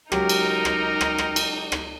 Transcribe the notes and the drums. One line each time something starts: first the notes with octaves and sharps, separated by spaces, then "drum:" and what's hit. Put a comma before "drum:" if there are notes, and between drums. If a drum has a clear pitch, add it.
C#2 F#3 D#4 G4 A#4, drum: rim click
drum: cymbal
drum: rim click
drum: rim click
drum: rim click
drum: cymbal
drum: rim click